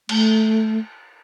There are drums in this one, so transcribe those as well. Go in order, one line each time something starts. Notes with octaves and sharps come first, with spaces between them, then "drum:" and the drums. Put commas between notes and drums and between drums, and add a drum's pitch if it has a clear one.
A3, drum: cymbal